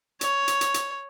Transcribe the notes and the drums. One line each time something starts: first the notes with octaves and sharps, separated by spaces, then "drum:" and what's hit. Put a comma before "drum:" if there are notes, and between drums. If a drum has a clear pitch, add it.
C#5, drum: hi-hat
drum: hi-hat
drum: hi-hat
drum: hi-hat